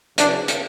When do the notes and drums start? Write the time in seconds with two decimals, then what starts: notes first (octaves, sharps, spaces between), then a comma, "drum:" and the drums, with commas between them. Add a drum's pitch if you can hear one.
0.18 E2 C#3 F#3 D4, drum: hi-hat
0.48 drum: hi-hat